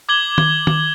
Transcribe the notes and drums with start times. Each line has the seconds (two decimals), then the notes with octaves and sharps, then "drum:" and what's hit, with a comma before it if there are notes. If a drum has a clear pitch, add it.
0.09 D6 G#6 F#7 G7
0.38 drum: tom D#3
0.67 drum: tom D#3